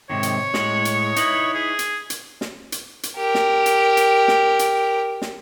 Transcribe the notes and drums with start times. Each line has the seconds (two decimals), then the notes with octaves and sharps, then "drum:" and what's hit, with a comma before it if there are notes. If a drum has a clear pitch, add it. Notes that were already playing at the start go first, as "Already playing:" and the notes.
0.10 G#2 C3 D#3 C#5
0.23 drum: hi-hat
0.54 A2 G#3, drum: snare
0.85 drum: hi-hat
1.16 D#4 E4 B4, drum: hi-hat
1.54 G#4
1.79 drum: hi-hat
2.10 drum: hi-hat
2.41 drum: snare
2.72 drum: hi-hat
3.03 drum: hi-hat
3.17 G4 A#4
3.35 drum: snare
3.66 drum: hi-hat
3.97 drum: hi-hat
4.28 drum: snare
4.59 drum: hi-hat
5.22 drum: snare